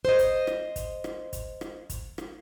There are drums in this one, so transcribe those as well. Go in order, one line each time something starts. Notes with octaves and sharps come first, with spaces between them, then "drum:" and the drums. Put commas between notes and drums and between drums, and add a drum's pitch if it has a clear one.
C5 D#5
drum: kick, hi-hat
drum: rim click
drum: kick, hi-hat
drum: rim click
drum: kick, hi-hat
drum: rim click
drum: kick, hi-hat
drum: rim click